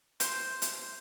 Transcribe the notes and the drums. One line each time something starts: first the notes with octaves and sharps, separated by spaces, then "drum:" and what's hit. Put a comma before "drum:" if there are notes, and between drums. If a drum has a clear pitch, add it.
C5, drum: hi-hat
drum: hi-hat